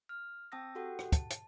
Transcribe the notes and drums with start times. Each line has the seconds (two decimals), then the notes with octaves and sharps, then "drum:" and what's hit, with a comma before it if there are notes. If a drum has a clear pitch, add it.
0.09 F6
0.52 C4 G5 A5 D#6 E6 A#6
0.75 F#4 G4 A4 F#5 G5
0.99 drum: rim click
1.12 A5, drum: kick, hi-hat
1.30 drum: hi-hat